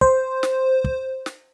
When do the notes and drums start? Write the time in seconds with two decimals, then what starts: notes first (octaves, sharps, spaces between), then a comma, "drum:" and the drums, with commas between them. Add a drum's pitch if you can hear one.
0.01 C5, drum: kick
0.43 drum: snare
0.84 drum: kick
1.26 drum: snare